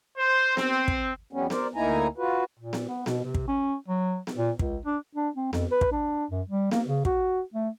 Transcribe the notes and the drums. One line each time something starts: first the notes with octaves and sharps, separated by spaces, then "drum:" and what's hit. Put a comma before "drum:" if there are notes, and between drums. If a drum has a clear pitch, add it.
C5
C4, drum: snare B3
drum: kick
F2 G3 B3 C#4
A#4 C5 D5, drum: snare B3
D2 A#3 D#4 E4 G#5 A#5
F4 F#4 B4
A#2
drum: snare B3
B3
B2, drum: snare B3
C3
drum: kick
C#4
F#3
drum: snare B3
A#2
C#2, drum: kick
D4
D4
C4
F2, drum: snare B3
B4
drum: kick
D4
F#2
G3
A#3, drum: snare B3
C#3
F#4, drum: kick
A3